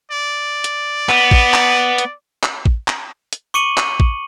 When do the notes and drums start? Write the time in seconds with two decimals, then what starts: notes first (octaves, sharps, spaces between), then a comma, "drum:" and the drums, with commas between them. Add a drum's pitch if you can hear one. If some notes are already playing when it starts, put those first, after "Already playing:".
0.11 D5
0.64 drum: hi-hat
1.09 B3, drum: clap
1.31 drum: kick A1
1.54 drum: clap
1.98 drum: hi-hat
2.43 drum: clap
2.65 drum: kick A1
2.88 drum: clap
3.33 drum: hi-hat
3.54 C#6 D6 C#7 D#7 F#7 G7
3.77 drum: clap
4.00 drum: kick A1